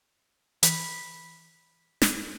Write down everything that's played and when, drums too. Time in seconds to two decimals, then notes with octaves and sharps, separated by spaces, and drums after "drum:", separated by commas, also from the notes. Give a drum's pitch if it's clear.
0.63 E3 B5, drum: hi-hat
2.02 drum: snare